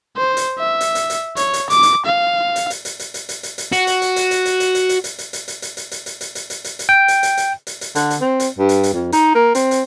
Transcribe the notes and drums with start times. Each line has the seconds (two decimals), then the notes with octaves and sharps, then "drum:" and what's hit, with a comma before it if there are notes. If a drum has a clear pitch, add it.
0.17 C5
0.37 drum: hi-hat
0.59 E5
0.80 drum: hi-hat
0.95 drum: hi-hat
1.10 drum: hi-hat
1.37 C#5, drum: hi-hat
1.53 drum: hi-hat
1.70 D6, drum: hi-hat
1.83 drum: hi-hat
2.06 F5
2.56 drum: hi-hat
2.70 drum: hi-hat
2.85 drum: hi-hat
2.99 drum: hi-hat
3.14 drum: hi-hat
3.29 drum: hi-hat
3.43 drum: hi-hat
3.58 drum: hi-hat
3.72 F#4, drum: hi-hat
3.87 drum: hi-hat
4.02 drum: hi-hat
4.16 drum: hi-hat
4.31 drum: hi-hat
4.45 drum: hi-hat
4.60 drum: hi-hat
4.75 drum: hi-hat
4.89 drum: hi-hat
5.04 drum: hi-hat
5.18 drum: hi-hat
5.33 drum: hi-hat
5.48 drum: hi-hat
5.62 drum: hi-hat
5.77 drum: hi-hat
5.91 drum: hi-hat
6.06 drum: hi-hat
6.21 drum: hi-hat
6.35 drum: hi-hat
6.50 drum: hi-hat
6.64 drum: hi-hat
6.79 drum: hi-hat
6.89 G5
7.08 drum: hi-hat
7.23 drum: hi-hat
7.37 drum: hi-hat
7.67 drum: hi-hat
7.81 drum: hi-hat
7.95 D3, drum: hi-hat
8.10 drum: hi-hat
8.21 C4
8.40 drum: hi-hat
8.58 G2
8.69 drum: hi-hat
8.83 drum: hi-hat
8.93 F2
9.12 D#4, drum: hi-hat
9.35 A#3
9.55 C4, drum: hi-hat
9.71 drum: hi-hat